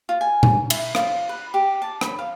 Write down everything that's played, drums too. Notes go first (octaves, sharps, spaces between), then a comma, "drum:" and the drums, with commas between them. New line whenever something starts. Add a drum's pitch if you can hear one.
F4
G#5
drum: tom A#2
E4, drum: cymbal
F4, drum: rim click
B4
G4
A5
B5, drum: rim click
F5